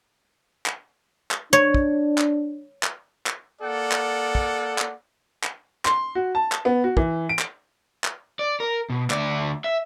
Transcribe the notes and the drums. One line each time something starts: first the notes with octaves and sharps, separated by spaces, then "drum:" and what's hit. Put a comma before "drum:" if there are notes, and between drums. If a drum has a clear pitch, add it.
drum: clap
drum: clap
D4 C#5
drum: kick
drum: clap
drum: clap
drum: clap
A#3 A4 D5 F#5
drum: clap
drum: kick
drum: clap
drum: clap
C6, drum: clap
F#4
A5
drum: clap
B3
F#4
E3, drum: kick
D7
drum: clap
drum: clap
D5
A#4
B2
D2 D5, drum: clap
E5